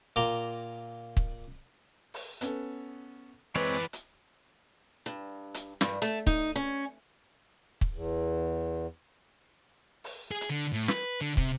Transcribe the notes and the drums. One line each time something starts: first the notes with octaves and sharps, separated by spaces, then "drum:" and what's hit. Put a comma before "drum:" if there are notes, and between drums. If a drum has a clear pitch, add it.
A#2 G5 A#5 C6 D6
drum: kick
drum: open hi-hat
B3 C#4 A4, drum: hi-hat
E3 G#3 C4 B4 C#5 D5
drum: hi-hat
G2
drum: hi-hat
G2, drum: snare
A3, drum: hi-hat
D#4, drum: kick
C#4
drum: kick
E2
drum: open hi-hat
G#4
drum: hi-hat
D3
A2
B4, drum: snare
D3
C3, drum: kick